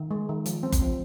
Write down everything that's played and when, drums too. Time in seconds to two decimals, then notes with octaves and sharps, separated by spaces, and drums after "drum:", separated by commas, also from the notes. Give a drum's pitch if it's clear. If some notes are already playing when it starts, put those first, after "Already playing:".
Already playing: D#3
0.11 G#3
0.29 D#3
0.46 F3, drum: hi-hat
0.63 C4
0.72 drum: kick F#1, hi-hat
0.82 F3